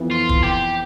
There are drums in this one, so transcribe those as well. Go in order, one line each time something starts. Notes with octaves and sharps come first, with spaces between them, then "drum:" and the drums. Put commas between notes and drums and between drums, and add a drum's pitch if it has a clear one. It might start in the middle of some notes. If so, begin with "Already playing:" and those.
Already playing: F2 E3 B3
F4
drum: kick
G4